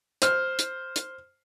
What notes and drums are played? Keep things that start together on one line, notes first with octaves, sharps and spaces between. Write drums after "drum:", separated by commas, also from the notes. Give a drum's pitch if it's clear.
C5 F6, drum: hi-hat
drum: hi-hat
drum: hi-hat